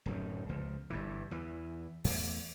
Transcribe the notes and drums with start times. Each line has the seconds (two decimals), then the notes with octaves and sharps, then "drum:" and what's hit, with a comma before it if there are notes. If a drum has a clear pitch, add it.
0.06 D1 F#2 D#3
0.49 C#2 F3
0.90 G1 G2 E3
1.31 E2 E3
2.04 E2 A3, drum: open hi-hat